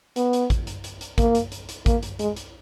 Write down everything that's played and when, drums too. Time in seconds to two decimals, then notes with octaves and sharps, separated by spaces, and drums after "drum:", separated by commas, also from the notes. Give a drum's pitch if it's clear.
0.16 B3, drum: hi-hat
0.33 drum: hi-hat
0.50 drum: kick A1, hi-hat
0.67 drum: hi-hat
0.84 drum: hi-hat
1.01 drum: hi-hat
1.18 A#3, drum: kick A1, hi-hat
1.35 drum: hi-hat
1.52 drum: hi-hat
1.69 drum: hi-hat
1.86 A#3, drum: kick A1, hi-hat
2.03 drum: hi-hat
2.19 G#3, drum: hi-hat
2.36 drum: hi-hat